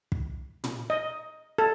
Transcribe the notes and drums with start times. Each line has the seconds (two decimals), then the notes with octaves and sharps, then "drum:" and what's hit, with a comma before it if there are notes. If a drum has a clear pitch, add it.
0.12 drum: kick
0.64 drum: tom
0.90 D#5
1.58 A4